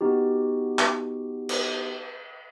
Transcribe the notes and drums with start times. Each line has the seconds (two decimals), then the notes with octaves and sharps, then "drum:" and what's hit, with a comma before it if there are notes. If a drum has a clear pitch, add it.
0.01 B3 D#4 F#4 G4
0.79 drum: clap
1.49 drum: cymbal